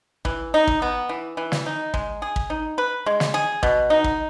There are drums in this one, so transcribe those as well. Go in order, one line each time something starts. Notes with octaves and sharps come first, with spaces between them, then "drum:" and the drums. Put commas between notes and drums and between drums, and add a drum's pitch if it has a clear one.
E3, drum: kick
D#4
drum: kick
B3
E3
E3
drum: snare
D#4
G#3, drum: kick
G#4
drum: kick
D#4
B4
G#3
drum: snare
G#4
B2, drum: kick
D#4
drum: kick